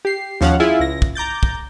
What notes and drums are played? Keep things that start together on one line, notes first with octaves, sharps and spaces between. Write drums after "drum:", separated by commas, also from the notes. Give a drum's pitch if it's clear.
G4 C7
D#2 F3 C#4 F5 F#5, drum: snare
E4 F4 G#4
C#2 A#6
drum: kick
A#5 D6 G6 A6
drum: kick